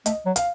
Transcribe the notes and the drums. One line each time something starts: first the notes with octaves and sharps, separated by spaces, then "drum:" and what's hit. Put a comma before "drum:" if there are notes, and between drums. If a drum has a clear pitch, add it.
A3 D#5, drum: hi-hat
F#3
F5, drum: hi-hat